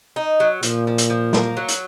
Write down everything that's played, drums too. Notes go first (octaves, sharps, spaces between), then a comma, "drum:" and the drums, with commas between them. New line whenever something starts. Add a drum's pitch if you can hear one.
D#4
F#3
A#2 F3, drum: hi-hat
F3
drum: hi-hat
F3
A#3, drum: snare
F#3
drum: hi-hat